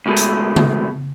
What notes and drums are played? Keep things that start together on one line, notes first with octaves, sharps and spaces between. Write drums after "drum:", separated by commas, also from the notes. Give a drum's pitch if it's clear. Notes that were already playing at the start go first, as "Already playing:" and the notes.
C#2 B2 G#3 A3
drum: hi-hat
drum: tom C#3